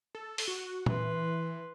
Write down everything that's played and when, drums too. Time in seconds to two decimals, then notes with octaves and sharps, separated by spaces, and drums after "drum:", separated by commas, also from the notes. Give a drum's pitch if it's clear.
0.15 A4
0.38 drum: open hi-hat
0.48 F#4
0.86 E3 B4 C6, drum: tom A#2